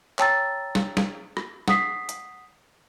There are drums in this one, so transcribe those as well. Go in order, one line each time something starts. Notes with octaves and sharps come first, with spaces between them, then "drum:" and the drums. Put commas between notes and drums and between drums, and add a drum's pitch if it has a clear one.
C#5 G5 A5 A#5 E6 A6, drum: clap
drum: snare
drum: snare
drum: rim click
F#5 D#6 B6 C7, drum: snare
drum: hi-hat